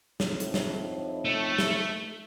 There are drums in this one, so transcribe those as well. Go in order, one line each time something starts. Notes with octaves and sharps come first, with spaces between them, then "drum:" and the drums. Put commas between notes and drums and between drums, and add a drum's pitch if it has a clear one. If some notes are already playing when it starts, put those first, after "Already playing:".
F2 A2 D#3, drum: snare
drum: hi-hat
drum: snare
A3
drum: snare